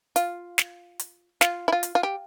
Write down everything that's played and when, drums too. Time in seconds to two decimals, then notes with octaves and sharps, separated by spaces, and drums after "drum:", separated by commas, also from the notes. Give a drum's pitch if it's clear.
0.16 F4, drum: hi-hat
0.58 drum: snare
0.99 drum: hi-hat
1.41 F4, drum: snare
1.68 E4
1.72 F4
1.83 drum: hi-hat
1.95 F4
2.03 G4